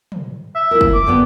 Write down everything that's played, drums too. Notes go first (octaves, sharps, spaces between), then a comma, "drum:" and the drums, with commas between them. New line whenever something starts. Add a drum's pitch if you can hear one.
drum: tom
E5
E4 A#4
drum: kick
D6
G2 D3 B3